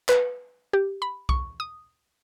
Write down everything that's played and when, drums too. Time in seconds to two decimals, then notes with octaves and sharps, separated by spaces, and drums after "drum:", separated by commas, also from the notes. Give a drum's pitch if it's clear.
0.09 B4, drum: clap
0.73 G4
1.02 B5
1.29 C#6, drum: kick B1
1.60 D#6